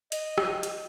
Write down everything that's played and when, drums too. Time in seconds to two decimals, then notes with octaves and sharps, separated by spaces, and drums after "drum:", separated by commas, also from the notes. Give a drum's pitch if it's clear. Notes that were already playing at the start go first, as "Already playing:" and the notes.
0.12 D#5, drum: hi-hat
0.38 drum: rim click
0.63 drum: hi-hat